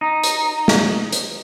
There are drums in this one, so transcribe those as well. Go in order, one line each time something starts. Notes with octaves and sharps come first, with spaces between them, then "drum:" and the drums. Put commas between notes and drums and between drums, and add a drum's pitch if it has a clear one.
D#4
drum: hi-hat
drum: snare
drum: hi-hat